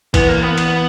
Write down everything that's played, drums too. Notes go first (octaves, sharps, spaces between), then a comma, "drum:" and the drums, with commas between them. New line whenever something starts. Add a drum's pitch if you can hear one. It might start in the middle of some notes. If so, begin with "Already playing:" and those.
E3 B3, drum: kick, cymbal
A#3
B3
drum: cymbal